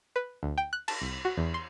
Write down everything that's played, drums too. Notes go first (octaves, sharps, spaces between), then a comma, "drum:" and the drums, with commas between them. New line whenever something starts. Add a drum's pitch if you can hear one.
B4
D2
G5
F#6
A5, drum: cymbal
C2
F#4
E2
C6